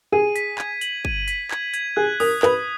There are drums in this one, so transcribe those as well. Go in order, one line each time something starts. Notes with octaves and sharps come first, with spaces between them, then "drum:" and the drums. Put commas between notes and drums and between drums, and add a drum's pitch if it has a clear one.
G#4 D#7
B6, drum: hi-hat
G#6, drum: clap
F#7, drum: hi-hat
D#7, drum: kick G1
B6, drum: hi-hat
G#6, drum: clap
G#6, drum: hi-hat
G#4 F#6
A#4 D#6, drum: open hi-hat
B4 D#6, drum: clap